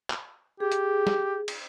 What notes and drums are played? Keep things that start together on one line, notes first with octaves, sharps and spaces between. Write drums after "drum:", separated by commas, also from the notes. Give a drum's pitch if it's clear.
drum: clap
G4 G#4
drum: hi-hat
drum: snare
drum: cymbal